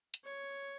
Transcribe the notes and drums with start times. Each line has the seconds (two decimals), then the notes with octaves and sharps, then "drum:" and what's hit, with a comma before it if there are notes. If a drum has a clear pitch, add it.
0.14 drum: hi-hat
0.25 C#5